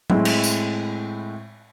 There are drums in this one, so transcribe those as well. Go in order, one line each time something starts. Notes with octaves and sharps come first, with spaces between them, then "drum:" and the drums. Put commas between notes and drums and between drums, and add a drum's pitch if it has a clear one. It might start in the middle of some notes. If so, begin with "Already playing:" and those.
A2 G#3 C4 E4, drum: tom F#3
drum: cymbal
drum: tambourine